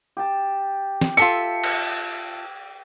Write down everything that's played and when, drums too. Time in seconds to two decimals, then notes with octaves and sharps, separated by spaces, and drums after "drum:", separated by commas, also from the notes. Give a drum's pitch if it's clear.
0.17 G4 A5
1.01 drum: snare
1.17 F4 A4 E5 C#7
1.63 drum: cymbal